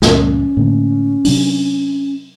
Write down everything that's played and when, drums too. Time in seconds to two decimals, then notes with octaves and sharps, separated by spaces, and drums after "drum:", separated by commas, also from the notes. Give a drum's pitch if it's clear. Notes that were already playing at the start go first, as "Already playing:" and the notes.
0.02 C#2 G2 A#2 C#4, drum: snare
0.57 A2 D3 A#3
1.25 C3 F#3 D4, drum: open hi-hat